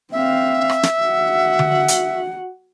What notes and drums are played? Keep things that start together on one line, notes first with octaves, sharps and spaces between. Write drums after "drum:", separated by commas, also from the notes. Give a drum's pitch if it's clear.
C4 E5 F5
drum: rim click
drum: snare
F#4 F#5
drum: tom D3
drum: hi-hat